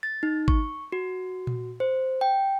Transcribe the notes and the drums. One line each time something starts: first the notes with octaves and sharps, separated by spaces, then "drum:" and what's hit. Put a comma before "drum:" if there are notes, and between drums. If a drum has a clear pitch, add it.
A6
D#4
C#6, drum: kick G#1
F#4
drum: tom A#2
C5
G5